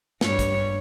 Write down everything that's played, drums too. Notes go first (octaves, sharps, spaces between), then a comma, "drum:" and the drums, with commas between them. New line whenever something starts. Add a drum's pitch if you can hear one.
G2 G3 C#5, drum: snare
drum: kick, hi-hat